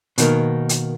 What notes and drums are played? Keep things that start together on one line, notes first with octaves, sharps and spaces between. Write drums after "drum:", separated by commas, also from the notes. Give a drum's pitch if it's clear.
B2 D#3 A#3, drum: hi-hat
drum: hi-hat